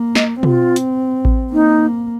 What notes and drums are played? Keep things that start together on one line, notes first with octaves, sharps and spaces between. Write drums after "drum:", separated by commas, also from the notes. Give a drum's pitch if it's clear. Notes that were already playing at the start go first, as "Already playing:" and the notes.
Already playing: A#3
D#5, drum: snare
C4 F4, drum: tom B2
drum: hi-hat
drum: kick A1
A#3 D#4